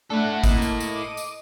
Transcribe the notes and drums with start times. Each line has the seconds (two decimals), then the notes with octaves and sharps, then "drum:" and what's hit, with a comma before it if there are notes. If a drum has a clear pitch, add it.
0.10 A3 D4 E4 A4 F#5
0.44 A#3 D#5, drum: kick G#1, tambourine
0.62 drum: tambourine
0.80 drum: tambourine
0.90 D6 D#7
1.17 drum: tambourine